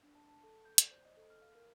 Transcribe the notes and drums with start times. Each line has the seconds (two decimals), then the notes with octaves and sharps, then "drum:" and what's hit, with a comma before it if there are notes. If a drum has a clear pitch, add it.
0.03 D4
0.15 A5
0.29 A5
0.44 A4
0.65 G6
0.78 D5, drum: hi-hat
0.91 C5
1.05 D#5
1.17 A4
1.30 F6
1.42 F5
1.55 A#4